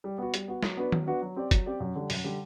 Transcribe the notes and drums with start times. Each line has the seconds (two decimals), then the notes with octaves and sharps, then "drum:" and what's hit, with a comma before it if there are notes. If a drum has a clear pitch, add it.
0.04 G3
0.18 B3 F#4
0.34 G3, drum: hi-hat
0.48 B3 F#4
0.63 F#3, drum: snare
0.77 B3 D4 F#4 B4
0.92 F#3, drum: tom D#3
1.06 B3 D4 F#4 B4
1.22 F#3
1.36 C4 G4 D5
1.51 F#3, drum: kick, hi-hat
1.66 C4 G4 D5
1.80 F#2
1.95 D3 G3
2.10 F#2, drum: open hi-hat
2.24 D3 G3